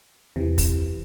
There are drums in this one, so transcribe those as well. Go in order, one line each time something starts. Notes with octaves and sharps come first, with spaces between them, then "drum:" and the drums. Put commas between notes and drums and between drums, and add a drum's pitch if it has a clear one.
E2 C3 E3
drum: kick, open hi-hat